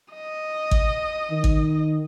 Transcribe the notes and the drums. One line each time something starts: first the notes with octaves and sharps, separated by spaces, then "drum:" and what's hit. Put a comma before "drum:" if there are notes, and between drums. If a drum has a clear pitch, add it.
D#5
drum: kick
D#3
drum: kick